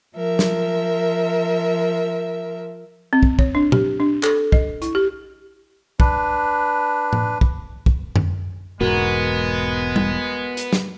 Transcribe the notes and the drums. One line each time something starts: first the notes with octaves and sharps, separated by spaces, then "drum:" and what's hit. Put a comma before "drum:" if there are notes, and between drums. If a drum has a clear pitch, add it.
F3 A#4 E5
drum: snare
C4
drum: kick
C#5, drum: kick
D4
G4, drum: tom A#2
D4
A4, drum: clap
D#5, drum: kick
E4, drum: hi-hat
G4
D4 B4, drum: kick
drum: tom A2
drum: kick
drum: kick
drum: tom
E1 G#2 G#3 B3 F#4 A#4
drum: tom G3
drum: hi-hat
drum: snare